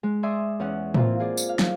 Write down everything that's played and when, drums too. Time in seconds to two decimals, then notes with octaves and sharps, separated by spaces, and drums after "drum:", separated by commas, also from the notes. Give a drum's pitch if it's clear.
0.03 G#3
0.23 D5 E5 G#5 C6 D6 D#6
0.59 E2 C#4 F#5 F#6
0.94 E3 A#3 C4 F4, drum: tom A2
1.19 F4 G#4 D5
1.37 drum: tambourine
1.49 F5
1.59 drum: snare